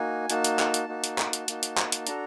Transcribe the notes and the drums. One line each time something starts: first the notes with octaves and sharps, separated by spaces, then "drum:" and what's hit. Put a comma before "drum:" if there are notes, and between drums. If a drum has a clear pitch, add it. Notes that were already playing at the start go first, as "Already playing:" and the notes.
Already playing: A#3 D#4 F#4 G#5
A#3 D#4 F#4 A5, drum: hi-hat
drum: hi-hat
drum: clap
drum: hi-hat
A#3 D#4 F#4
drum: hi-hat
drum: clap
drum: hi-hat
A#3 D#4 F#4, drum: hi-hat
drum: hi-hat
drum: clap
drum: hi-hat
D4 F#4 A4 A#5, drum: hi-hat